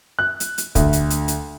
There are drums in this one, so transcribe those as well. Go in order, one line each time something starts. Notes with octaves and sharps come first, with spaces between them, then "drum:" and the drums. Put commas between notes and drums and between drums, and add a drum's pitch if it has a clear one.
F#6
drum: hi-hat
drum: hi-hat
D2, drum: kick, hi-hat
drum: hi-hat
drum: hi-hat
drum: hi-hat